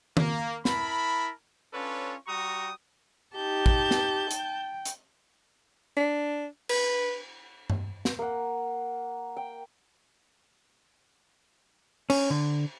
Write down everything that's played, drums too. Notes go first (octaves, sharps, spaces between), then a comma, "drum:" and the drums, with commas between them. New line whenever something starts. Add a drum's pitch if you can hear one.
A#3, drum: tom D#3
E4 A#4 A5 B5, drum: snare
C#4 D4 F4 A4 B4 C#5
G3 F#4 G5 A#5 C#6 D#6
D#4 G4 A5 G6
drum: kick
drum: snare
G5, drum: hi-hat
drum: hi-hat
D4
B4, drum: cymbal
drum: tom G2
drum: snare
A#3 F#5
G5
C#4, drum: cymbal
D3